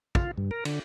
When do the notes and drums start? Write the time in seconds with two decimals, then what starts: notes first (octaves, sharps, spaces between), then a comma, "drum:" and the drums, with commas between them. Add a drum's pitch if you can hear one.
0.15 F4, drum: kick
0.38 G2
0.51 A#4
0.65 D3, drum: cymbal